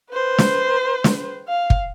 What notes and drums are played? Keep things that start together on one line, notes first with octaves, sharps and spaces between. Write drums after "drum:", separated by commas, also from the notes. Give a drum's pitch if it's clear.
B4 C5
drum: snare
drum: snare
F5
drum: kick